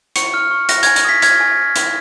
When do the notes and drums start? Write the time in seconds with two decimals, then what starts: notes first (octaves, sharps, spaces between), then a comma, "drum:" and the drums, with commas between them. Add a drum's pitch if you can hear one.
0.16 C#6 C#7, drum: hi-hat
0.34 F6
0.51 C#6
0.69 F#6 A#6, drum: hi-hat
0.83 G#5 G#6, drum: hi-hat
0.96 A#6, drum: hi-hat
1.05 D#6 B6
1.22 F6 G#6, drum: hi-hat
1.40 G#5
1.58 F6
1.76 F6, drum: hi-hat